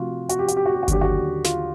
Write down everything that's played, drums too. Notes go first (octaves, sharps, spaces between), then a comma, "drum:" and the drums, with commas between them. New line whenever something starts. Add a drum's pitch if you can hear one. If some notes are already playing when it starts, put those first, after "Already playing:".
Already playing: C3 F3 A3 F4 F#4
F#4, drum: hi-hat
G4
F#4, drum: hi-hat
G4
F#4
G4
F#4
D#2 D3 F#3 G4, drum: kick G1, hi-hat
F#4
F4, drum: snare